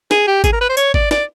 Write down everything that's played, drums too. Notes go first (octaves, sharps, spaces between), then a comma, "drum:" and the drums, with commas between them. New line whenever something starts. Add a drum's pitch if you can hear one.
G#4, drum: snare
G4
G#4, drum: kick G#1, tambourine
A#4
B4
C5
C#5, drum: tambourine
D5, drum: kick G#1
D5, drum: snare